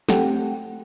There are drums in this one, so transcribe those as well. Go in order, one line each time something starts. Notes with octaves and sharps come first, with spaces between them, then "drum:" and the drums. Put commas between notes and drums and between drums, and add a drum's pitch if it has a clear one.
A3 C4 G4 A4 F#5 G5, drum: snare